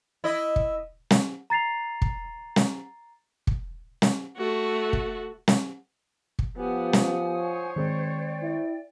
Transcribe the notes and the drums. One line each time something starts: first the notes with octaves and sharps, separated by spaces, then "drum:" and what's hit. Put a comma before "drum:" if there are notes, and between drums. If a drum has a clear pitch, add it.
E4 D#5
drum: kick
drum: snare
A#5 A6 C7 F7
drum: kick
drum: snare
drum: kick
drum: snare
A3 F#4
drum: kick
drum: snare
drum: kick
F3 B3 G4 F#5 G#5 D#6
drum: snare
C5 C#5
D#3 G#3 C4 D5 G5
E4